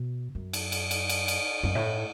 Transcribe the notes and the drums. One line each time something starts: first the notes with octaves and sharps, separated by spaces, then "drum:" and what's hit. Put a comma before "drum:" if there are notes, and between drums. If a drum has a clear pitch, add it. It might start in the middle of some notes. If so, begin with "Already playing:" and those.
Already playing: B2
F#2
drum: cymbal
drum: cymbal
drum: cymbal
drum: cymbal
drum: cymbal
F#2, drum: tom G2
A2